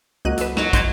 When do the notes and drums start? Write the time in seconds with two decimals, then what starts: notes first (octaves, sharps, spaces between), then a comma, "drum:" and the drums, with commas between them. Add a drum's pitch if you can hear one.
0.25 C#2 A#3 F#4 D#5 F#6 D#7
0.38 F#3 A4 B4 E7, drum: hi-hat
0.57 F#3 D#4, drum: snare
0.73 C6 G6 G#6, drum: kick, hi-hat